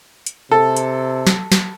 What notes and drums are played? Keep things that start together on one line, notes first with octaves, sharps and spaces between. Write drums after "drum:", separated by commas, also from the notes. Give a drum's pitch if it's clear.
drum: hi-hat
C3 A4
drum: hi-hat
drum: snare
drum: snare